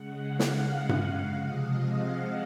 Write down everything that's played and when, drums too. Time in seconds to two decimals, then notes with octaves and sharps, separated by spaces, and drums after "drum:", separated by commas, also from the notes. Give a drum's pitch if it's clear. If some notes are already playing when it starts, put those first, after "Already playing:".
Already playing: C#3 G#3 F#5
0.25 F5
0.39 drum: snare
0.59 F5
0.89 drum: tom G2
1.30 C3 F3 G#3 D#5
1.67 F5
2.02 F#5